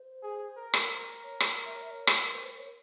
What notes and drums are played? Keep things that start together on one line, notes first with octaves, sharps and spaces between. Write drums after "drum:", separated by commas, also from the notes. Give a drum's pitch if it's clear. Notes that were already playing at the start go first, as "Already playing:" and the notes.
Already playing: C5
G#4
A#4
drum: rim click
A#4
C#5
drum: rim click
E5
C#5
E5
C#5
drum: rim click
A#4
C5
A#4
C#5